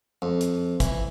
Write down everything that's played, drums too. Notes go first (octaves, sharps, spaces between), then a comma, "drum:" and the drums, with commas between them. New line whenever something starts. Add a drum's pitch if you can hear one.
F2
drum: hi-hat
E3, drum: kick, hi-hat